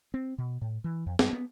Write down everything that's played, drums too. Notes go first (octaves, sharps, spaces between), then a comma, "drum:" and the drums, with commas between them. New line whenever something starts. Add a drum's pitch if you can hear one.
C4
B2
A2
E3
F2
G2, drum: snare
B3